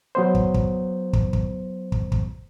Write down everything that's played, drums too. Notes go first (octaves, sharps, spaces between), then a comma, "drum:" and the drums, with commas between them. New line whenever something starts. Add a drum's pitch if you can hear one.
F#3 B3 C5
drum: kick
drum: kick
drum: kick
drum: kick
drum: kick
drum: kick